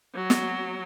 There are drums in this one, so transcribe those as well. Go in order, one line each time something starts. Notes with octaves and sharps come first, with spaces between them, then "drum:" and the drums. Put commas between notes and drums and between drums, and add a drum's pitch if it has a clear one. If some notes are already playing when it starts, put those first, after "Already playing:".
F#3
drum: snare